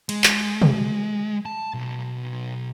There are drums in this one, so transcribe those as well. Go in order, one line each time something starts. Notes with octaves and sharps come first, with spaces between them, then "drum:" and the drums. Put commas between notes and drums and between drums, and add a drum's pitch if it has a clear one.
G#3, drum: cymbal
drum: clap
drum: tom
A5
B1